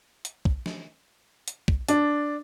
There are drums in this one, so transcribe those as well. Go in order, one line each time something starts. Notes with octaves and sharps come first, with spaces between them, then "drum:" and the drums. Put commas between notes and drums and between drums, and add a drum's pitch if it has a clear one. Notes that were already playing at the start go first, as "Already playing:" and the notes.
drum: hi-hat
drum: kick
drum: snare
drum: hi-hat
drum: kick
D4, drum: hi-hat